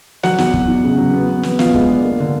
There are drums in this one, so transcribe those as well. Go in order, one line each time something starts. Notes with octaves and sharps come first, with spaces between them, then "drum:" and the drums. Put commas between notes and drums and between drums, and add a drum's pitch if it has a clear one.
F#3 F#4 F#5, drum: snare
E2, drum: snare
F#3, drum: kick
E2
C#3
F#3
B3
B3
B3, drum: snare
B3 F4 F5, drum: snare
G#3, drum: kick
D4
A#3
D3